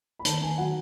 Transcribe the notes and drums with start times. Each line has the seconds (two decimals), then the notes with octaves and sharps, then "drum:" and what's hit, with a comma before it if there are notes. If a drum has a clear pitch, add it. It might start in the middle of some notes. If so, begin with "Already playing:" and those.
0.19 B5
0.25 D#3 A5, drum: hi-hat
0.41 D#3 G#5
0.58 F#3 F#5